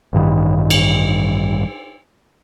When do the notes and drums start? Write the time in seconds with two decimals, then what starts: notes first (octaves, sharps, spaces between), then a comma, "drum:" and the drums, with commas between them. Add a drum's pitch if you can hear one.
0.13 A1 G2 D#3 G3
0.70 drum: cymbal